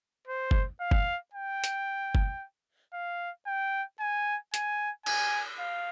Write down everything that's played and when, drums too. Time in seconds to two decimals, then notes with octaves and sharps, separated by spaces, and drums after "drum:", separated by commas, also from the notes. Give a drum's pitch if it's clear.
0.27 C5
0.51 drum: kick G1
0.81 F5
0.91 drum: kick G1
1.34 G5
1.64 drum: hi-hat
2.15 drum: kick G1
2.94 F5
3.47 G5
4.00 G#5
4.54 G#5, drum: hi-hat
5.06 G#5, drum: cymbal
5.59 F5